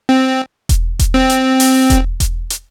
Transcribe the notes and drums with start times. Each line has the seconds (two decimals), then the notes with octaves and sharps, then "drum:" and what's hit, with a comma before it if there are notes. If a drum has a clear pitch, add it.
0.09 C4
0.69 drum: kick E1, hi-hat
0.99 drum: kick E1, hi-hat
1.14 C4
1.30 drum: hi-hat
1.60 drum: open hi-hat
1.90 drum: kick E1, hi-hat
2.20 drum: kick E1, hi-hat
2.50 drum: hi-hat